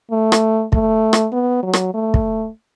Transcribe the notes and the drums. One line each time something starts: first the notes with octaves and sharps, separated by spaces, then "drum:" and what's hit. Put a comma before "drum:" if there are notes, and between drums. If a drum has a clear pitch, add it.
A3
drum: rim click
A3, drum: kick
drum: rim click
B3
F#3
drum: rim click
A3
drum: kick